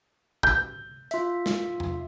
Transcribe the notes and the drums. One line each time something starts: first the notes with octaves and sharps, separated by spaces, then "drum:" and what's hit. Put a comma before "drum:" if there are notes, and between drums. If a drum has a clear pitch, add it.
G6, drum: kick
F4 E5, drum: hi-hat
drum: snare
drum: tom E2